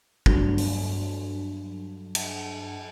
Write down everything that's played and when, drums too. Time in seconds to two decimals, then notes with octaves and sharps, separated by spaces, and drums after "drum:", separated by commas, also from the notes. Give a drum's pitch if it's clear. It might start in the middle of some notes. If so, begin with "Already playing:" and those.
0.26 G2 F#3 D4 A4, drum: kick
0.58 drum: open hi-hat
2.15 drum: cymbal